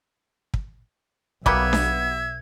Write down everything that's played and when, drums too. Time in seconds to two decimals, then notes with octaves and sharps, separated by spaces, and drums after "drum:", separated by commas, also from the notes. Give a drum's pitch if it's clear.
0.54 drum: kick
1.46 B1 G3 A#3 B3 E5 G#6, drum: kick
1.73 drum: snare D4